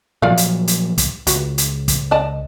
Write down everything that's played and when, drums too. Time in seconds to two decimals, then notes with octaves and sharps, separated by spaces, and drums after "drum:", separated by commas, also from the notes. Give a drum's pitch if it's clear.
0.22 A#2 F3 F#3 F4 D5 F5
0.37 drum: hi-hat
0.68 drum: hi-hat
0.98 drum: kick, hi-hat
1.27 C#2 F#4, drum: hi-hat
1.58 drum: hi-hat
1.88 drum: kick, hi-hat
2.11 D5 D#5 A5